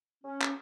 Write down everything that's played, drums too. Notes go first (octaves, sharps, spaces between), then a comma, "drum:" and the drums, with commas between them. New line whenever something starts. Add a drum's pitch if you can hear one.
C#4
drum: clap